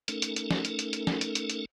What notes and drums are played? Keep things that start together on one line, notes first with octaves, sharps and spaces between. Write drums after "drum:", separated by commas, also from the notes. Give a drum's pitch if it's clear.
A3 C#4 D#4 A4 A#4, drum: hi-hat
drum: hi-hat
drum: hi-hat
drum: snare
drum: hi-hat
drum: hi-hat
drum: hi-hat
drum: snare
drum: hi-hat
drum: hi-hat
drum: hi-hat